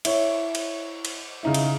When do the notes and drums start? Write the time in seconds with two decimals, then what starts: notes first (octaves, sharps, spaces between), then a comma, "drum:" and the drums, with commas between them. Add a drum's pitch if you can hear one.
0.05 E4 C#5, drum: cymbal
0.55 drum: cymbal
1.05 drum: cymbal
1.43 C#3 D#4 E4
1.54 drum: cymbal